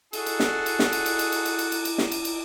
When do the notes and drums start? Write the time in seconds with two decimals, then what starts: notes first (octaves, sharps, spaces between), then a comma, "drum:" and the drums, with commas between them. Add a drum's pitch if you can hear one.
0.13 F#4 G#4 A4, drum: cymbal
0.26 drum: cymbal
0.40 drum: snare
0.66 drum: cymbal
0.79 drum: snare
0.93 drum: cymbal
1.06 drum: cymbal
1.19 drum: cymbal
1.32 drum: cymbal
1.45 drum: cymbal
1.59 drum: cymbal
1.72 drum: cymbal
1.85 drum: cymbal
1.98 drum: snare
2.12 drum: cymbal
2.25 drum: cymbal